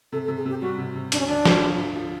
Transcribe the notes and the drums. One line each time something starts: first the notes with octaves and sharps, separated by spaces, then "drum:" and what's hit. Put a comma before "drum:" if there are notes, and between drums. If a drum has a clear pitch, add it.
C3 A4
A4
C3
G#4
C3 G4
G3 F#4
C3
C3
D2 D4, drum: hi-hat
C#4
D2 D4
D3, drum: snare
F3
D2
F3